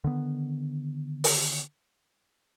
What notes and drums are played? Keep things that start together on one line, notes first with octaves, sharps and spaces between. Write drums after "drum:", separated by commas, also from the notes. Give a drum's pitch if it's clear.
D3 D#3 B3
drum: open hi-hat